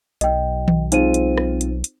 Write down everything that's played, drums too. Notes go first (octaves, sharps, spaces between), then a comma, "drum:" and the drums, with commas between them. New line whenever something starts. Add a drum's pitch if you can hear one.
B1 D#5 G5, drum: hi-hat
drum: tom D#3
G#3 C4 D#4 F4 C5 D#7, drum: hi-hat
drum: hi-hat
drum: rim click
drum: hi-hat
drum: hi-hat